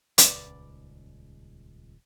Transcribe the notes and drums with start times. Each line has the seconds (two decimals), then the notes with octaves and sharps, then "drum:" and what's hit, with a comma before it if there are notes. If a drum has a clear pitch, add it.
0.18 D#1 C#2 B4 D5, drum: hi-hat